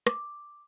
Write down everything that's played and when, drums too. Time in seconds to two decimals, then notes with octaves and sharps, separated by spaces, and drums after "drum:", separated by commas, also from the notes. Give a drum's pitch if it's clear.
0.07 D6, drum: rim click